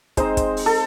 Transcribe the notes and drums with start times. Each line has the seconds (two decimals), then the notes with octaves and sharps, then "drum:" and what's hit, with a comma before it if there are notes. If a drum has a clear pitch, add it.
0.17 G#3 C4 D#4 C5, drum: kick, hi-hat
0.37 drum: kick, hi-hat
0.57 drum: open hi-hat
0.66 A4